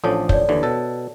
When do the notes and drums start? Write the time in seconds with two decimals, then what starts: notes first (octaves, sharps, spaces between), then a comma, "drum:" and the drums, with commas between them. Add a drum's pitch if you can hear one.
0.04 A1 F3 D4 A4 C#5 A5
0.29 C#5 D5, drum: kick
0.49 D#2 D3 E3
0.63 B2 A4